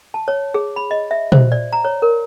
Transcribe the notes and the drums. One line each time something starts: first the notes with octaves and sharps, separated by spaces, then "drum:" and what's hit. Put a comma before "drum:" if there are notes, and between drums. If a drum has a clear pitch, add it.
A5
C#5
G#4
B5
D#5
E5
C5, drum: tom
D5
A#5
C#5
A#4